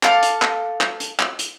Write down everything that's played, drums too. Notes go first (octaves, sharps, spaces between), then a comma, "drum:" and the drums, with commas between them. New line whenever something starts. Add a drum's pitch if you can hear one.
A4 F5 D6, drum: clap
drum: hi-hat
drum: clap
drum: clap
drum: hi-hat
drum: clap
drum: hi-hat